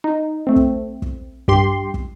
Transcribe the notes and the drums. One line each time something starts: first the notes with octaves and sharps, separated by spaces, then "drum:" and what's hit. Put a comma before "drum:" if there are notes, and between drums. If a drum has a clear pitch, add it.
D#4
A3 C4
drum: kick
drum: kick
G2 G4 C6, drum: kick
drum: kick